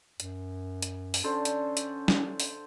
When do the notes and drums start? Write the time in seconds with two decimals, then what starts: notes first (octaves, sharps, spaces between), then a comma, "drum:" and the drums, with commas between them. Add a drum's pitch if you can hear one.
0.20 F#2, drum: hi-hat
0.82 drum: hi-hat
1.14 drum: open hi-hat
1.24 D3 C#4 A4 C5
1.45 drum: hi-hat
1.77 drum: hi-hat
2.08 drum: snare
2.40 drum: open hi-hat